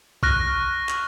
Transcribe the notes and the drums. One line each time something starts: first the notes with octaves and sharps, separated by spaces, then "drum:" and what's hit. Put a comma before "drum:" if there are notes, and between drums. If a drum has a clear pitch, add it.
C#6 F6 F#6 A#6, drum: kick B1
drum: clap